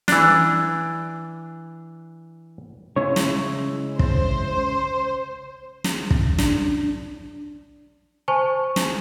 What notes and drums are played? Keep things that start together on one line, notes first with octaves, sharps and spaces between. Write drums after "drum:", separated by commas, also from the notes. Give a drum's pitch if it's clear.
E3 D4, drum: snare
C#3 G#3 E4 C#5
drum: snare
C5, drum: kick
drum: snare
drum: kick
D4, drum: snare
C5 G#5 A5 C#6
drum: snare